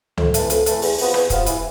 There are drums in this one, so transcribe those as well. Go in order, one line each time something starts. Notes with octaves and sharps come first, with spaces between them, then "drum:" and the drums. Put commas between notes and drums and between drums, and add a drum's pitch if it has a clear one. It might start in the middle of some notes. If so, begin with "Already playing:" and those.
F2, drum: tom C#2
E3 A3, drum: hi-hat
F2, drum: hi-hat
E3 A3, drum: hi-hat
E2, drum: open hi-hat
C3 F3 B3 F4, drum: open hi-hat
E2, drum: rim click
C3 F3 B3 F4, drum: kick, hi-hat
E3, drum: hi-hat